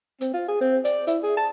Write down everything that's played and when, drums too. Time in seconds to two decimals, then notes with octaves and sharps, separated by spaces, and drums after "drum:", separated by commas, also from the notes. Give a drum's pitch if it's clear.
0.21 C4, drum: hi-hat
0.34 F4
0.48 G#4
0.61 C4
0.85 D5, drum: hi-hat
1.07 E4, drum: hi-hat
1.23 G#4
1.37 A5